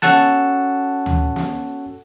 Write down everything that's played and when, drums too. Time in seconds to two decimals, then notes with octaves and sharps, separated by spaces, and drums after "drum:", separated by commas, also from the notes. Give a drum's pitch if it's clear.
0.02 C#4 F#4 A4 F#5 A5, drum: snare
1.06 drum: tom D2
1.36 drum: snare